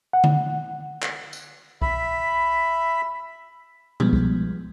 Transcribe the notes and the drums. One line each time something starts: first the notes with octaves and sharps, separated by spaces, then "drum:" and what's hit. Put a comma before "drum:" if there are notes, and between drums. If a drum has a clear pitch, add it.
F#5
drum: tom D3
drum: clap
drum: tambourine
E5 B5, drum: kick C2
F3 G3 G#3 B3, drum: tom A#2
drum: kick C2